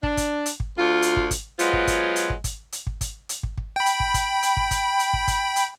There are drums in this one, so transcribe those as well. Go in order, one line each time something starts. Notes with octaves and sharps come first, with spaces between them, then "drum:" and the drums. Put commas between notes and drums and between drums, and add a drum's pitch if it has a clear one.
D4, drum: kick
drum: kick, hi-hat
drum: hi-hat
drum: kick
D2 F4
drum: hi-hat
drum: kick
drum: kick, hi-hat
F#3 G#3 B3 F4 C5, drum: hi-hat
drum: kick
drum: kick, hi-hat
drum: hi-hat
drum: kick
drum: kick, hi-hat
drum: hi-hat
drum: kick
drum: kick, hi-hat
drum: hi-hat
drum: kick
drum: kick
G5 B5
drum: hi-hat
drum: kick
drum: kick, hi-hat
drum: hi-hat
drum: kick
drum: kick, hi-hat
drum: hi-hat
drum: kick
drum: kick, hi-hat
drum: hi-hat